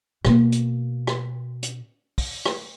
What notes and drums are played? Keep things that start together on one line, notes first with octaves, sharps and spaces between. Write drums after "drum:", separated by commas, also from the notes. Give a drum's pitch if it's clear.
B2 A#3, drum: rim click
drum: hi-hat
drum: rim click
drum: hi-hat
drum: kick, open hi-hat
drum: rim click